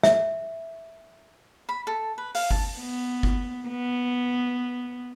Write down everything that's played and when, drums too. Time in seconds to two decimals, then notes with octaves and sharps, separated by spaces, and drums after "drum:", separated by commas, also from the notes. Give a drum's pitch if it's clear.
0.03 E5, drum: snare
1.69 B5
1.87 A4
2.18 B4
2.35 F5, drum: open hi-hat
2.51 A5, drum: kick G1
2.80 B3
3.23 drum: kick G1
3.68 B3